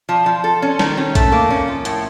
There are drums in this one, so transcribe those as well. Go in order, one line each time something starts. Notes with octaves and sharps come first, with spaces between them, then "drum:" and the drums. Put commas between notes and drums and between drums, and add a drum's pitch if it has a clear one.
F3
F3
A4
C#4
D#3, drum: snare
C#4
A3, drum: kick, hi-hat
A#3
C#4
F3
A2, drum: hi-hat